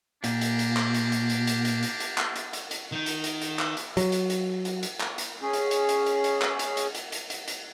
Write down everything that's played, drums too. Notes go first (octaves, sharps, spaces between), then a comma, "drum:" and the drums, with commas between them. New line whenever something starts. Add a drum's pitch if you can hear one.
A#2 A#3 D4 G4, drum: hi-hat
drum: hi-hat
drum: hi-hat
drum: clap
drum: hi-hat
drum: hi-hat
drum: hi-hat
drum: hi-hat
drum: hi-hat
drum: hi-hat
drum: hi-hat
drum: clap
drum: hi-hat
drum: hi-hat
drum: hi-hat
D#3 D#4
drum: hi-hat
drum: hi-hat
drum: hi-hat
drum: clap
drum: hi-hat
F#3, drum: hi-hat
drum: hi-hat
drum: hi-hat
drum: hi-hat
drum: hi-hat
drum: clap
drum: hi-hat
C#4 G#4
drum: hi-hat
drum: hi-hat
drum: hi-hat
drum: hi-hat
drum: hi-hat
drum: clap
drum: hi-hat
drum: hi-hat
drum: hi-hat
drum: hi-hat
drum: hi-hat
drum: hi-hat